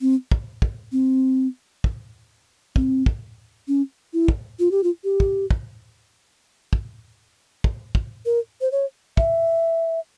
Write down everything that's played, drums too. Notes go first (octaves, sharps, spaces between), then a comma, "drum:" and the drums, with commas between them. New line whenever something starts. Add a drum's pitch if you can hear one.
C4
drum: kick
drum: kick
C4
drum: kick
C4, drum: kick
drum: kick
C#4
E4
drum: kick
F4
G4
F4
G4
drum: kick
drum: kick
drum: kick
drum: kick
drum: kick
A#4
C5
C#5
E5, drum: kick